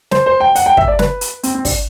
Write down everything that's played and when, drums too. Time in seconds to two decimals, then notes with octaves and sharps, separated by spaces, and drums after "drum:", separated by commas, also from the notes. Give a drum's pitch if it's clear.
0.11 C5, drum: snare
0.26 C5
0.40 G5
0.55 F#5, drum: hi-hat
0.66 G5
0.77 E5, drum: kick
0.88 D5
0.99 B4, drum: snare
1.21 drum: hi-hat
1.43 C4, drum: hi-hat
1.55 C4
1.65 D4, drum: kick, open hi-hat